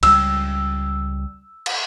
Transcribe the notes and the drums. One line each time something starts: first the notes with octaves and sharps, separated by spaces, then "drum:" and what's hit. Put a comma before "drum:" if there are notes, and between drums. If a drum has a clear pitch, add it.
C#2 G3 E6, drum: cymbal
drum: cymbal